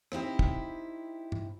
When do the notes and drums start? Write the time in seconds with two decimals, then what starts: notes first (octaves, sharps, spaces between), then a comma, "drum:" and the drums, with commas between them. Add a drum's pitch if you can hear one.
0.12 C4 D#4 E4 G4, drum: rim click
0.39 drum: kick
1.32 drum: tom G2